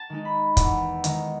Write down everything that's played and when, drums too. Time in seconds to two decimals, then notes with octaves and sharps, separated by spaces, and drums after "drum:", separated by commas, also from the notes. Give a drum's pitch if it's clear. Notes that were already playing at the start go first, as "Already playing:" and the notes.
Already playing: A5
0.10 D#3 G#3 D#4
0.25 B5
0.57 E2, drum: kick, hi-hat
1.04 D#3 G#3 D#4, drum: hi-hat